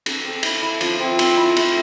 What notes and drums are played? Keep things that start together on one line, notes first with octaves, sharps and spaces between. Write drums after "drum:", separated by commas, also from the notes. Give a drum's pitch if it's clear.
A4, drum: cymbal
C4
E4, drum: cymbal
E4
F3, drum: cymbal
C4
C4, drum: cymbal
E4
A3, drum: cymbal